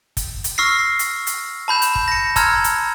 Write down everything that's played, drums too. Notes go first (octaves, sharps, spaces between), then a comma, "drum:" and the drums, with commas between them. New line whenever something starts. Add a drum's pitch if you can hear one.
drum: kick, hi-hat
drum: hi-hat
C#6 E6 F6 A#6 C7
drum: hi-hat
drum: hi-hat
A5 B5 G6 E7
drum: hi-hat
drum: kick
A#6 C#7
A5 A#5 C6 E6 F6 G#6, drum: kick, hi-hat
drum: hi-hat